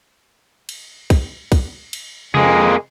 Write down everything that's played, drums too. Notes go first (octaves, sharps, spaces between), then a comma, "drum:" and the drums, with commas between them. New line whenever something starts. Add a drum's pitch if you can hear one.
drum: cymbal
drum: kick, cymbal
drum: kick, cymbal
drum: cymbal
F2 G#3 A#3 G#4, drum: tom C3